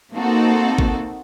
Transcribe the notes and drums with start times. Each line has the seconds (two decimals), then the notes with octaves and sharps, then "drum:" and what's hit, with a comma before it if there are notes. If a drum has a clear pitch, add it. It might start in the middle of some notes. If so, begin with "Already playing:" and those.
0.13 A#3 C4 D#4 F#4 A4
0.78 drum: kick